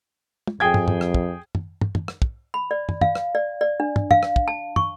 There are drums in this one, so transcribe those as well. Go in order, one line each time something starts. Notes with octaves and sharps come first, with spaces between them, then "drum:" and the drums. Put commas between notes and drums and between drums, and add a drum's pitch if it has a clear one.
drum: tom
F2 G#4 G5 G#6
drum: tom
drum: tom
drum: rim click
drum: kick
drum: tom
drum: tom
drum: tom
drum: rim click
drum: kick
B5
D5
drum: tom
F5, drum: tom
drum: rim click
D5
D5
D4
drum: tom
F5, drum: tom
drum: rim click
drum: kick
A5
C#6, drum: tom